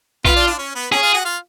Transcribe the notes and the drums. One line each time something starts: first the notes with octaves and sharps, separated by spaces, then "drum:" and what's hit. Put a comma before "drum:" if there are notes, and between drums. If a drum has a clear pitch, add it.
B3 F4 B4, drum: kick A#1
D4 D5
D4 D5
C#4 C#5
B3 B4
C#4 G#4 C#5
F4 F5
F#4 F#5
F4 F5